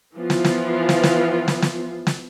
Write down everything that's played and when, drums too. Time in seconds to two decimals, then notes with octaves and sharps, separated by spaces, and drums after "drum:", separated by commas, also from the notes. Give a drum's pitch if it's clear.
0.15 E3 F3 B3 F4
0.30 drum: snare
0.44 drum: snare
0.89 drum: snare
1.03 drum: snare
1.48 drum: snare
1.62 drum: snare
2.07 drum: snare